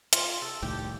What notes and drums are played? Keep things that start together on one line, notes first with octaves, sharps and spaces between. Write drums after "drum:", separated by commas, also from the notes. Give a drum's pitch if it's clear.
F4, drum: hi-hat
A4
C2 A2 D#3 G4